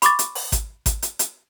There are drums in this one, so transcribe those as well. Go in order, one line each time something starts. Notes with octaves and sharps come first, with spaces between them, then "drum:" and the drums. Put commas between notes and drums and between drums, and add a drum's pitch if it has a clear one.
B5 C#6 D6 A6, drum: hi-hat
drum: hi-hat
drum: open hi-hat
drum: kick G#1, hi-hat
drum: kick G#1, hi-hat
drum: hi-hat
drum: hi-hat